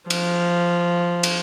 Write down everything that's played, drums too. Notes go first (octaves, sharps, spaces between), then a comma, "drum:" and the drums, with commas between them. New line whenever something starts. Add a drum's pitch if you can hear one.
F3, drum: cymbal
drum: cymbal